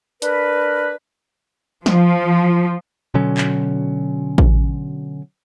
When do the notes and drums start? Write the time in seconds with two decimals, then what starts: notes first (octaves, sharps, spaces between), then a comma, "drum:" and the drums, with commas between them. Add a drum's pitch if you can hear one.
0.22 D4 A#4 B4, drum: hi-hat
1.86 F3, drum: snare
3.14 B2 D3 F#3 C#4
3.37 drum: clap
4.38 drum: kick A1